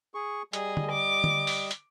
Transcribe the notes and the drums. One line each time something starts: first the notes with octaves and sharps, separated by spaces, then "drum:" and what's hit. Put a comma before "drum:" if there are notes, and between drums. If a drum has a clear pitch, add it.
G#4 C#6
G3 G#4 D#5, drum: hi-hat
drum: tom D3
D6
drum: tom D3
drum: open hi-hat
drum: hi-hat